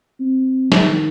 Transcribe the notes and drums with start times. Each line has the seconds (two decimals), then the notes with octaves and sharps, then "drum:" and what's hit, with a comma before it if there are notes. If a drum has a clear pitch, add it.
0.20 C4
0.72 D#3, drum: snare